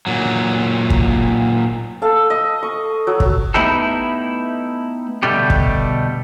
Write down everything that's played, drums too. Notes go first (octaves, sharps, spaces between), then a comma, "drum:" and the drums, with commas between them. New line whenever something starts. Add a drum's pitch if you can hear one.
A#2 F#3
drum: kick
A4 F5
D#5
C#6
F#3
drum: kick
A3 B3 D#4 E4 G4 A4
B2 D3 G3 A3 G4
drum: kick